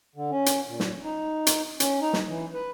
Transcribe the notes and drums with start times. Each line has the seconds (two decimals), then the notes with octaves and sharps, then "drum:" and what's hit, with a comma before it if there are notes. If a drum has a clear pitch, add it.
0.16 D3
0.31 C#4
0.46 drum: hi-hat
0.68 A#2
0.80 drum: snare
1.04 D#4
1.47 drum: hi-hat
1.80 C#4, drum: hi-hat
2.01 D#4
2.13 drum: snare
2.28 E3
2.54 B4